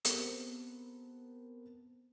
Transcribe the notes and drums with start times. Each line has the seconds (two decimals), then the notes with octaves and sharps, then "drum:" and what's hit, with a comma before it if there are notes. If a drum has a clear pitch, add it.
0.05 B3 C4 G4 A4 A#4, drum: hi-hat